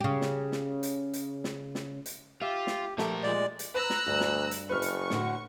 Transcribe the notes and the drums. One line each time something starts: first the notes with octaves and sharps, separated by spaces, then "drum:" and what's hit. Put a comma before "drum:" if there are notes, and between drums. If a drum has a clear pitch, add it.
C#3 G4
drum: snare
drum: snare
drum: hi-hat
drum: hi-hat
drum: snare
drum: snare
drum: hi-hat
F4 G4 E5
drum: snare
F3 A3 G4 A#4, drum: snare
A#2 G#3 D5
drum: hi-hat
B4 A#5 E6 F#6
drum: snare
D2 G2
drum: snare
drum: hi-hat
F#1 B4 C#6 F6
drum: hi-hat
A2 D3 F#4, drum: snare